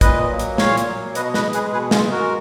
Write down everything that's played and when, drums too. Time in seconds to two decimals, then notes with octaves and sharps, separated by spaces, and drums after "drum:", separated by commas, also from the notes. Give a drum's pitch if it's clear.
0.01 A#2 B4 D#5, drum: kick, hi-hat
0.30 F#3 A#3
0.39 drum: hi-hat
0.58 A#2 C#5 F5, drum: snare
0.77 drum: hi-hat
0.87 F#3 A#3
1.15 B2 B4 D#5, drum: hi-hat
1.34 B4 D#5, drum: snare
1.44 G#3
1.53 G#4 B4, drum: hi-hat
1.72 B2 G#4 B4
1.91 F4 G#4, drum: snare
2.01 G#3
2.11 F#4 A#4